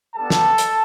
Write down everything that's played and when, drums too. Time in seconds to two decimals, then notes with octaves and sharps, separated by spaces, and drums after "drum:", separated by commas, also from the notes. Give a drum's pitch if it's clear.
0.16 G3 B3 D4 A4 A5
0.30 drum: snare
0.58 drum: hi-hat